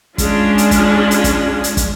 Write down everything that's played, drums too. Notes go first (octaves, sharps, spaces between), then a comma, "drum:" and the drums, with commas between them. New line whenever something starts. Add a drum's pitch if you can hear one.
G#3 C#4 D4 F4, drum: kick, hi-hat
drum: hi-hat
drum: kick, hi-hat
drum: hi-hat
drum: kick, hi-hat
drum: hi-hat
drum: kick, hi-hat